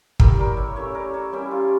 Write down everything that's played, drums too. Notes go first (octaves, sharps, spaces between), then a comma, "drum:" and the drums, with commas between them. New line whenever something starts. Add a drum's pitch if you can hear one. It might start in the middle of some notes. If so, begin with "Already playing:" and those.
A3 E4 G4 A#4, drum: kick
A#4 D5
C#5 E5
A3 C#4 E4 C#5 E5
A#4 D5
A4 C#5
G3 C#4 E4 G4 A#4
F4